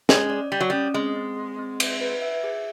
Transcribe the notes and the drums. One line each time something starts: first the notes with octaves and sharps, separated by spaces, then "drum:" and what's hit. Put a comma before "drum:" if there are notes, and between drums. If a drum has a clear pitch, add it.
G#3 C#4, drum: snare
D5
G3 D5
F#3
G3 C#4
G#3 C4
C4
G#4
C4
E5, drum: cymbal
B4
E5
G#4